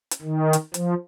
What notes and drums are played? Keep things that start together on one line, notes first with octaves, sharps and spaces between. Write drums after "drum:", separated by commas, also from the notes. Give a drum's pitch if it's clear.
drum: hi-hat
D#3
drum: hi-hat
F3, drum: hi-hat